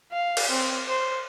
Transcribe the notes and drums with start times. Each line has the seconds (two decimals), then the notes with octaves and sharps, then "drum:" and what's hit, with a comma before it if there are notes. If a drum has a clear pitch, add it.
0.12 F5
0.37 drum: cymbal
0.50 C4
0.87 C5